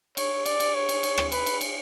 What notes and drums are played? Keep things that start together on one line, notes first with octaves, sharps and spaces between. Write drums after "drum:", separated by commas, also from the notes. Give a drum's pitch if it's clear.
C#5, drum: cymbal
D5, drum: cymbal
drum: cymbal
C#5
drum: cymbal
drum: cymbal
drum: rim click
B4, drum: cymbal
drum: cymbal
drum: cymbal